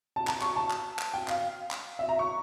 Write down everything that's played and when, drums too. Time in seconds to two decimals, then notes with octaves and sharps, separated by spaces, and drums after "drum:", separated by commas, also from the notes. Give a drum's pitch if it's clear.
0.16 A5
0.27 A#5, drum: clap
0.41 C#6, drum: clap
0.56 A5
0.70 drum: clap
0.99 drum: clap
1.14 G5
1.28 F5, drum: clap
1.71 drum: clap
1.99 E5
2.09 A#5
2.19 C#6